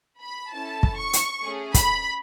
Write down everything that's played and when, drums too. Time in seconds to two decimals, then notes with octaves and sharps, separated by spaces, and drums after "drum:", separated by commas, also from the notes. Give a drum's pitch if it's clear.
0.23 B5
0.53 C#4 E4 A4 A5
0.83 drum: kick
0.98 C#6
1.13 drum: hi-hat
1.43 A3 C#4 G#4
1.74 B5, drum: kick, hi-hat